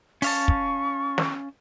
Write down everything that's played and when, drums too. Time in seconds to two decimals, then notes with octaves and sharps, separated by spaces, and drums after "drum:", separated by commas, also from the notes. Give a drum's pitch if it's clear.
0.22 C#4 F5 A5 C#6, drum: open hi-hat
0.48 drum: kick
1.18 drum: snare